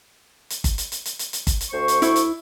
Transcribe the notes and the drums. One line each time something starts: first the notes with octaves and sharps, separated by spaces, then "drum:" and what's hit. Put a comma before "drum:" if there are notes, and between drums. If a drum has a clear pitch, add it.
drum: hi-hat
drum: kick G1, hi-hat
drum: hi-hat
drum: hi-hat
drum: hi-hat
drum: hi-hat
drum: hi-hat
drum: kick G1, hi-hat
drum: hi-hat
D2 C5 C#6
drum: hi-hat
E4, drum: hi-hat
drum: hi-hat